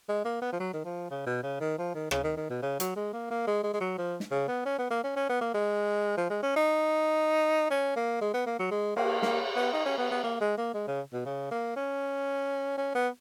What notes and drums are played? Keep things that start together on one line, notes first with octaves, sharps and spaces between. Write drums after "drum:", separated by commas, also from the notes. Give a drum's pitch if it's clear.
G#3
A#3
B3
F3
F#3
D#3
F3
C#3
B2
C#3
D#3
F3
D#3
C#3, drum: rim click
D#3
D#3
B2
C#3
F#3, drum: hi-hat
G#3
A#3
A#3
G#3
G#3
G#3
F#3
F3
drum: snare
C#3
B3
C#4
B3
A#3
C#4
C#4
B3
A#3
G#3
F3
G#3
C#4
D#4
C#4
A#3
G#3
B3
A#3
F#3
G#3
A#3, drum: cymbal
A#3, drum: snare
B3
D#4
C#4
B3
B3
A#3
G#3
A#3
G#3
C#3
B2
C#3
A#3
C#4
C#4
B3